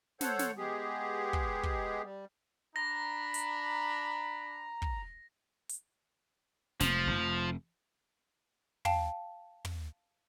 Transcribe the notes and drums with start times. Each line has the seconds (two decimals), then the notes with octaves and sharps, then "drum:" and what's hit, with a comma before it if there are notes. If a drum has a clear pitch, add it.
0.21 A4 C5 C#5 F#5, drum: snare
0.39 drum: snare
0.58 G#3 B3 G4 G#4
1.33 drum: kick
1.63 drum: kick
2.03 G3
2.76 D4 A#5 B5 A#6
3.34 drum: hi-hat
4.82 drum: kick
5.69 drum: hi-hat
6.80 F1 F3, drum: snare
7.07 F1
8.85 F5 G5 A5, drum: tom
9.65 drum: tom